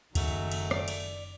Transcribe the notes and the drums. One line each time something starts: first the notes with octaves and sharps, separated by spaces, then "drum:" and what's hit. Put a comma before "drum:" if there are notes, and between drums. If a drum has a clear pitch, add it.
F#1 D#3 F#3 G#3 A3, drum: kick, cymbal
drum: cymbal
D5, drum: rim click
drum: cymbal